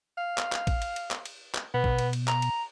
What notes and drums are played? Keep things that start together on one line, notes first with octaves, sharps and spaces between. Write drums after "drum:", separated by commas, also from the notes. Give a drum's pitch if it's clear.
F5
drum: clap
drum: clap
drum: kick, cymbal
drum: cymbal
drum: cymbal
drum: clap
drum: cymbal
drum: clap
B2 B3
drum: kick
drum: cymbal
drum: cymbal
A#5, drum: clap
drum: cymbal